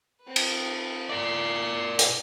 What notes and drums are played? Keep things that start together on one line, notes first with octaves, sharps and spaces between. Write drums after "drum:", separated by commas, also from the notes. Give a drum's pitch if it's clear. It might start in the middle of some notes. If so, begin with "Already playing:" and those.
C4 B4
drum: cymbal
A#4 D5 C6 C7
drum: hi-hat